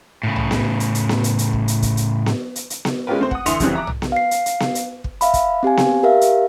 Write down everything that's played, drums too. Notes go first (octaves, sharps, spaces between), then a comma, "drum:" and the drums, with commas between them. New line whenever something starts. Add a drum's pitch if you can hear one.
A2 C#3
drum: tom
drum: snare B3
drum: hi-hat
drum: hi-hat
drum: snare B3
drum: hi-hat
drum: hi-hat
drum: kick
drum: hi-hat
drum: kick, hi-hat
drum: hi-hat
drum: snare B3
drum: hi-hat
drum: hi-hat
drum: snare B3
G#3 C#4 F4 G4 A#4 B4
A3 C4 C5
F#5 D#6, drum: kick
D2 E3 E5 C6 C#7 F7, drum: hi-hat
F2 C#3 E3 G3 C4 F#6, drum: kick, hi-hat
E5 A#5 D6
drum: tom
drum: snare B3
F5 C7
drum: hi-hat
drum: hi-hat
drum: snare B3
drum: hi-hat
drum: kick
E5 F5 B5, drum: hi-hat
drum: kick, hi-hat
C4 G4 F5 G#5
drum: snare B3
G4 A#4 E5 F5
drum: hi-hat